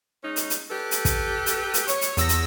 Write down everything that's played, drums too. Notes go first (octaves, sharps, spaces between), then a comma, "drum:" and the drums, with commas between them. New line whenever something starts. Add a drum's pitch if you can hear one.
G#3 C#4 D#4
drum: hi-hat
drum: hi-hat
G4 A4 B4
drum: hi-hat
drum: kick, hi-hat
drum: hi-hat
drum: hi-hat
C#5, drum: hi-hat
drum: hi-hat
E2 E6 A#6, drum: hi-hat
drum: hi-hat